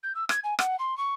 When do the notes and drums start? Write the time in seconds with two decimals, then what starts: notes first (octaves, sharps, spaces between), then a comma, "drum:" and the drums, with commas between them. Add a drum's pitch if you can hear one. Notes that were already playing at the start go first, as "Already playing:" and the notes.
0.03 G6
0.15 E6
0.29 G#6, drum: rim click
0.43 G#5
0.59 F#5, drum: rim click
0.79 C6
0.97 C#6